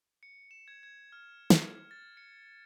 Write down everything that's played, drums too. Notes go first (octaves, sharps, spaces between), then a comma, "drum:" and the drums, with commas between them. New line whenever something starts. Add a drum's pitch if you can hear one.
C#7
E7
G#6
G#6
F6
G#6, drum: snare
A6
C#7